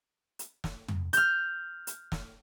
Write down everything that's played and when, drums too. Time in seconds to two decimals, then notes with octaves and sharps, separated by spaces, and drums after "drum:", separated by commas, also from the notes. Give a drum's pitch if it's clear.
0.39 drum: hi-hat
0.64 drum: snare
0.88 drum: tom
1.13 F6 G6, drum: hi-hat
1.87 drum: hi-hat
2.12 drum: snare